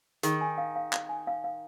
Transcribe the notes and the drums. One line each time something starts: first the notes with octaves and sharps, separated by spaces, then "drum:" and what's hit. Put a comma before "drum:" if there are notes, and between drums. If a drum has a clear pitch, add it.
D#3 G#4, drum: hi-hat
G#5
F5
F5
F5, drum: clap
G#5
F5
F5